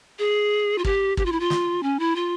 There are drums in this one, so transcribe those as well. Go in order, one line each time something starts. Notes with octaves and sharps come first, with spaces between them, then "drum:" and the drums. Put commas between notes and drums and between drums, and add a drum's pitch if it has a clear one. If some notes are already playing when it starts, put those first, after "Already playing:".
G#4
F4
G4, drum: kick
G4, drum: kick
F4
E4
F4
drum: snare
C#4
E4
F4